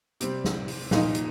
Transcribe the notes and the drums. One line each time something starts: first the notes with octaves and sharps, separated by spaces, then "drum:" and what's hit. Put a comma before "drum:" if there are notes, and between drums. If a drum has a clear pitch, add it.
C3 G3 C4, drum: hi-hat
drum: snare
drum: open hi-hat
A#2 F3 A#3 D#4, drum: snare
drum: hi-hat